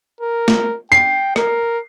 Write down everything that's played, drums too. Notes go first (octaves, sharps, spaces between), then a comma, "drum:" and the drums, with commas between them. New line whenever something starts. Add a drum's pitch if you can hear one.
A#4
drum: snare
G5 C7
A#4, drum: rim click